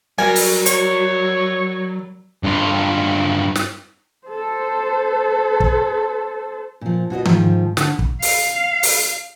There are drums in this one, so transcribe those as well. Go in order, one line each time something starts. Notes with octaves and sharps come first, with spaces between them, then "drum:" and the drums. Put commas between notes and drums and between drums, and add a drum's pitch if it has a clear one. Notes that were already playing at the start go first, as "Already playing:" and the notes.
F#3 G3 A#4 G#5
drum: open hi-hat
C#5, drum: hi-hat
G2 F4
drum: snare
A4 C5
drum: kick
A#2 F3
B2 F#4 C#5 D#5
G#2 D#3 F3, drum: tom D#3
D3, drum: snare
drum: kick
F5, drum: open hi-hat
drum: open hi-hat